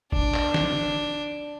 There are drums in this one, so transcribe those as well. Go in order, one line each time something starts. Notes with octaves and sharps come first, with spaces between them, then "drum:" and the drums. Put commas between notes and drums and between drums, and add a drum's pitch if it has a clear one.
D4, drum: kick
drum: clap
drum: snare